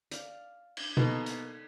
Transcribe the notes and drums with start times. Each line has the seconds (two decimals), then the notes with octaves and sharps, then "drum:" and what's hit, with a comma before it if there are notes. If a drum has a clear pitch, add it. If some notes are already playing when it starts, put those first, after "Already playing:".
0.11 D5 F5, drum: hi-hat
0.77 drum: cymbal
0.97 B2 A#3 D#4 A4, drum: tom B2
1.26 drum: hi-hat